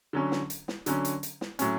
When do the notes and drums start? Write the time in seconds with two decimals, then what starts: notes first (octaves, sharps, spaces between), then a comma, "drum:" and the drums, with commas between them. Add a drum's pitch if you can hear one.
0.13 D3 F#3 C#4
0.32 drum: snare
0.50 drum: hi-hat
0.68 drum: snare
0.86 D3 F#3 C#4, drum: hi-hat
1.05 drum: hi-hat
1.23 drum: hi-hat
1.41 drum: snare
1.59 A2 F#3 C#4, drum: hi-hat